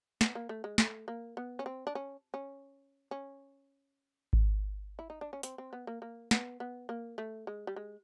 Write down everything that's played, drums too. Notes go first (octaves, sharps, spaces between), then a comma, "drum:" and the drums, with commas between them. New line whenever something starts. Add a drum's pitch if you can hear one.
B3, drum: snare
A#3
A3
G#3
A3, drum: snare
A#3
B3
C#4
C4
D4
C#4
C#4
C#4
drum: kick G#1
E4
D#4
D4
C#4
C4, drum: hi-hat
C4
B3
A#3
A#3
B3, drum: snare
B3
A#3
A3
G#3
G3
G#3